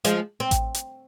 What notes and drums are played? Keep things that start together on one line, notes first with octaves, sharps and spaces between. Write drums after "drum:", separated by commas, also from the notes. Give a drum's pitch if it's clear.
F3 G#3, drum: hi-hat
C4
drum: kick A1, hi-hat
drum: hi-hat